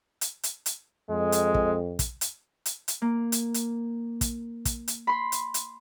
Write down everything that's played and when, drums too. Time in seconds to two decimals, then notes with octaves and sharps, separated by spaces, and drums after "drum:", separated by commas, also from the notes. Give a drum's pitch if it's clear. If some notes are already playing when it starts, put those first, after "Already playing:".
0.21 drum: hi-hat
0.43 drum: hi-hat
0.66 drum: hi-hat
1.10 F2 G#3
1.32 drum: hi-hat
1.54 drum: kick
1.99 drum: kick, hi-hat
2.21 drum: hi-hat
2.66 drum: hi-hat
2.88 drum: hi-hat
3.02 A#3
3.32 drum: hi-hat
3.54 drum: hi-hat
4.21 drum: kick, hi-hat
4.65 drum: kick, hi-hat
4.88 drum: hi-hat
5.07 B5 C6
5.32 drum: hi-hat
5.54 drum: hi-hat